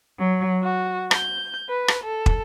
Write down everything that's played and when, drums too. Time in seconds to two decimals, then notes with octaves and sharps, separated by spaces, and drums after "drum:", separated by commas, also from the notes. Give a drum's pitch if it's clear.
0.19 F#3
0.62 F#4
1.11 G6, drum: rim click
1.68 B4
1.88 drum: rim click
2.01 A4
2.26 drum: kick